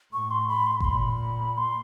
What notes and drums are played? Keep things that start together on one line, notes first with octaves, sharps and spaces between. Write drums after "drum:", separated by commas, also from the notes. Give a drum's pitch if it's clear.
A2 C#6
C6
B5
C6
C6, drum: kick G1
A#2 B5
C6